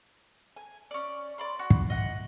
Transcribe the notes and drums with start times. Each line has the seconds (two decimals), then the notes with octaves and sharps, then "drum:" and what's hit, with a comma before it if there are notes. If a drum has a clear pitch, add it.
0.57 G#5
0.91 C#4 D5
1.38 D5 B5 C6
1.59 F#4
1.70 drum: kick
1.90 D#5 F#5